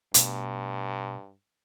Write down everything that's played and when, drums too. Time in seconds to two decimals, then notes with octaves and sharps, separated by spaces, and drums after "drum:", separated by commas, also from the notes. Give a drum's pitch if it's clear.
0.14 G2 B2 A3 B3, drum: hi-hat